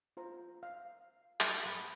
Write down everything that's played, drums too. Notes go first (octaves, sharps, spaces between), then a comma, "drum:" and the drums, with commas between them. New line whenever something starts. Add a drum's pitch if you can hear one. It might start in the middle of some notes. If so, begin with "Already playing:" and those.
F4 C5 A#5
F5
drum: clap
B3